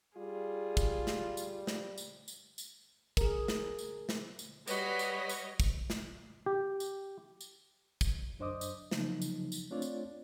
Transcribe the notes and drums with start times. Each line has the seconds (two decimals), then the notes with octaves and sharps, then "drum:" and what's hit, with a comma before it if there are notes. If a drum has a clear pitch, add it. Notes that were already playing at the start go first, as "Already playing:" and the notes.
0.17 G3 F4 G#4
0.77 drum: kick, tambourine
1.07 drum: snare
1.37 drum: tambourine
1.67 drum: snare
1.98 drum: tambourine
2.28 drum: tambourine
2.58 drum: tambourine
3.17 G#4 A#4, drum: kick, tambourine
3.48 drum: snare
3.79 drum: tambourine
4.09 drum: snare
4.39 drum: tambourine
4.67 G3 F#4 B4 C#5 D#5, drum: tambourine
4.99 drum: tambourine
5.29 drum: tambourine
5.60 drum: kick, tambourine
5.90 drum: snare
6.46 G4
6.80 drum: tambourine
7.41 drum: tambourine
8.01 drum: kick, tambourine
8.39 F#2 D4 C5 D#5 D6 D#6
8.61 drum: tambourine
8.91 C#3 F3 F#3 A#3 D#4, drum: snare
9.22 drum: tambourine
9.52 drum: tambourine
9.71 A3 C4 D4 F4 C#5 D5
9.82 drum: tambourine